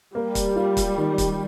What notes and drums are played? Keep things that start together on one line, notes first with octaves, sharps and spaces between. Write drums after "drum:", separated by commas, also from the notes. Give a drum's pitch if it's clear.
G3 A#3
drum: kick, hi-hat
F4
drum: kick, hi-hat
D#3
drum: kick, hi-hat